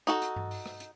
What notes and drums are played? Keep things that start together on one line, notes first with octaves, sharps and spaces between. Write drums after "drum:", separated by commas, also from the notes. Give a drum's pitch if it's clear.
D#4 F#4 A4, drum: hi-hat
drum: hi-hat
drum: tom G2
drum: open hi-hat
drum: rim click
drum: hi-hat